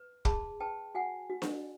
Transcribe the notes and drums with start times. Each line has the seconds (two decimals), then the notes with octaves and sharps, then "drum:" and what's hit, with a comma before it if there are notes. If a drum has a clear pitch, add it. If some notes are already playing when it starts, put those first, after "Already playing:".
Already playing: B4
0.25 G#4 A5 B5, drum: kick
0.60 B4 G5 A5
0.95 F#4 F#5 G#5
1.30 F#4
1.42 drum: snare D4